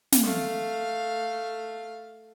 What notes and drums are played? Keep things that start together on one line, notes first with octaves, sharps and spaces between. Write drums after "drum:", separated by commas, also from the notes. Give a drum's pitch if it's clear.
drum: snare
A3 F5